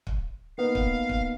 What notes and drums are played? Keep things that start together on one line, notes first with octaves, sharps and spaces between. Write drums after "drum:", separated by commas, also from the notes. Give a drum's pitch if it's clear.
drum: kick
A#3 B3 D#4 F5
drum: kick
drum: kick